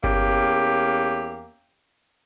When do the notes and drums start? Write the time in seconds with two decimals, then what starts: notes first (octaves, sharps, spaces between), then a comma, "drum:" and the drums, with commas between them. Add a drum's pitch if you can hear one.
0.04 E2 A#3 C#4 G4, drum: kick G1
0.31 drum: hi-hat